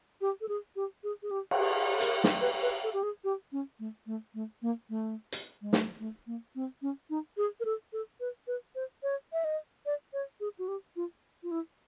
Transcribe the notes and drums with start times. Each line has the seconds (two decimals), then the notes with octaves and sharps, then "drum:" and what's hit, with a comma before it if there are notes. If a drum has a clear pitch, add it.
0.21 G4
0.41 A4
0.48 G#4
0.76 G4
1.04 G#4
1.23 G#4
1.31 G4
1.51 drum: cymbal
1.93 A4
2.01 A#4, drum: hi-hat
2.24 drum: snare
2.41 B4
2.62 B4
2.83 A4
2.93 G4
3.03 G#4
3.24 G4
3.52 C#4
3.79 A3
4.06 A3
4.34 A3
4.62 A#3
4.89 A3
5.32 drum: hi-hat
5.62 G#3
5.73 A3, drum: snare
6.00 A3
6.27 A#3
6.55 C4
6.82 C#4
7.10 D#4
7.37 G#4
7.60 A#4
7.65 A4
7.93 A4
8.20 B4
8.47 B4
8.75 C5
9.03 C#5
9.33 E5
9.44 D#5
9.86 D5
10.13 C#5
10.40 G#4
10.59 F#4
10.68 G4
10.96 F4
11.43 F4
11.51 E4